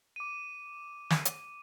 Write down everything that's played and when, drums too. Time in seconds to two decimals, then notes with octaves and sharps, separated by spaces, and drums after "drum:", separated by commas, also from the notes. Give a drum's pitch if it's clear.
0.16 D6 D#7
1.10 drum: snare
1.25 drum: hi-hat